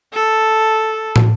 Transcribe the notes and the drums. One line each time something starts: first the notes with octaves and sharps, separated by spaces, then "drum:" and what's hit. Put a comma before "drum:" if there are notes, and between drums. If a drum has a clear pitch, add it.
A4
drum: tom